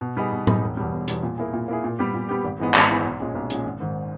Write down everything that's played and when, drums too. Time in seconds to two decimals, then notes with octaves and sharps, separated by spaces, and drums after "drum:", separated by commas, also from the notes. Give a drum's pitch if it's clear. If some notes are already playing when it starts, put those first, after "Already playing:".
0.01 B2
0.17 G3 B3 D#4 G#4
0.32 B2
0.47 G3 B3 D#4 G#4, drum: tom A2
0.62 E1
0.77 E2 B2 G3
0.92 E1
1.08 E2 B2 G3, drum: hi-hat
1.23 A#2
1.38 A#3 E4 G#4
1.53 A#2
1.68 A#3 E4 G#4
1.84 A#2
1.99 G3 B3 G4
2.14 A#2
2.29 G3 B3 G4
2.44 G#1
2.59 G#2 E3 G#3 B3
2.74 G#1, drum: clap
2.89 G#2 E3 G#3 B3
3.05 B1
3.20 A#2 G#3 C#4
3.35 B1
3.50 A#2 G#3 C#4, drum: hi-hat
3.65 G#1
3.80 G#2 D#3